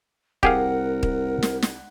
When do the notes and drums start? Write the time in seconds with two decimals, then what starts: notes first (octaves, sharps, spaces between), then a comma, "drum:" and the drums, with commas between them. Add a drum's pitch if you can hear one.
0.43 C2 G4 G#4 A#4 F5 F#5, drum: kick
1.03 drum: kick
1.43 drum: snare
1.62 drum: snare